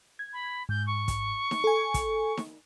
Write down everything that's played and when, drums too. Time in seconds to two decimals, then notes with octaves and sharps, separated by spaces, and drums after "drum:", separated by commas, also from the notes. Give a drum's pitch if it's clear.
0.19 G#6
0.33 B5
0.69 G#2 G6
0.86 C#6
1.08 drum: kick, hi-hat
1.51 drum: snare D#4
1.64 A4 G#5
1.94 drum: kick, hi-hat
2.37 drum: snare D#4